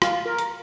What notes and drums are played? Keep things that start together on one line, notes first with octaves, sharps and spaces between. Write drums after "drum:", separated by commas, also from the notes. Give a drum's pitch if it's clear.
F4, drum: rim click
A#4
drum: hi-hat